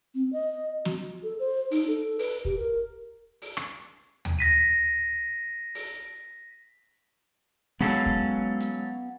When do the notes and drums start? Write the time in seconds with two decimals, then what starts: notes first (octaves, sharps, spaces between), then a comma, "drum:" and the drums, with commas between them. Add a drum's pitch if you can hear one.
0.15 C4
0.33 D#5
0.85 F#4, drum: snare
1.23 A4
1.39 C5
1.71 D#4, drum: open hi-hat
1.87 A4
2.19 B4, drum: open hi-hat
2.45 G4, drum: kick
2.57 A#4
3.42 drum: open hi-hat
3.57 drum: rim click
4.25 drum: tom
4.39 A#6 B6 D#7
5.75 drum: open hi-hat
7.81 F#3 G#3 B3 C#4 A4 F5
8.06 drum: kick
8.60 drum: hi-hat